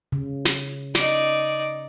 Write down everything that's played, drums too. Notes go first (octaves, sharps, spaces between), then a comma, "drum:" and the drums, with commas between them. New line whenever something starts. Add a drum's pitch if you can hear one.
C#3
drum: snare
D#4 D5, drum: snare